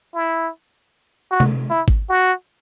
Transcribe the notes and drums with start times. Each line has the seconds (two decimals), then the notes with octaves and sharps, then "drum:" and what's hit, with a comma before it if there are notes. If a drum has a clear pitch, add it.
0.14 E4
1.31 F#4
1.40 drum: tom C3
1.70 E4
1.88 drum: kick G#1
2.09 F#4